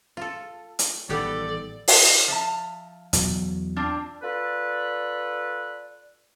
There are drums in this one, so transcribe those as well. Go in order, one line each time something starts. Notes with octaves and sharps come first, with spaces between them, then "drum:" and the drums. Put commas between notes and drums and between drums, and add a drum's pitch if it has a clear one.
F4 A4
drum: hi-hat
A1 D#3 G3 B3 G4 A4 D5
drum: open hi-hat
F3 E5 A#5
E2 B2 F#3, drum: hi-hat
C4 D4 F4
F4 A4 B4 D5